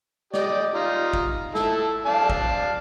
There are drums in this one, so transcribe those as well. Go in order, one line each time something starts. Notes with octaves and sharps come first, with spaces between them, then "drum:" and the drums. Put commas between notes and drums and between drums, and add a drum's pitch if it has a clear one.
G4 D5 D#5, drum: snare
D#4 F4
drum: kick
E4 A4, drum: snare
D5 F5 A5
drum: kick